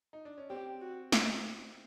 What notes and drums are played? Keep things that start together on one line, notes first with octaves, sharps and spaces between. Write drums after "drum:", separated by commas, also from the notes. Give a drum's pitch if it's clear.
D#4
D4
C#4
C4 G4
F#4
drum: snare